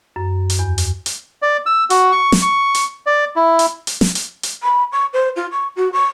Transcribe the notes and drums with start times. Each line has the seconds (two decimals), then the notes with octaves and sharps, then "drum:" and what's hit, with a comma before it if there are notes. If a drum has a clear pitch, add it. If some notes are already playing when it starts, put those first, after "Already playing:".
0.16 F#2
0.50 drum: hi-hat
0.59 E2
0.78 drum: hi-hat
1.06 drum: hi-hat
1.42 D5
1.66 E6
1.90 F#4, drum: hi-hat
2.12 C#6
2.32 drum: snare
2.42 C#6
2.75 drum: hi-hat
3.06 D5
3.36 E4
3.59 drum: hi-hat
3.87 drum: hi-hat
4.01 drum: snare
4.15 drum: hi-hat
4.43 drum: hi-hat
4.63 B5
4.92 C#6
5.13 C5
5.36 F4
5.51 C#6
5.76 F#4
5.93 C#6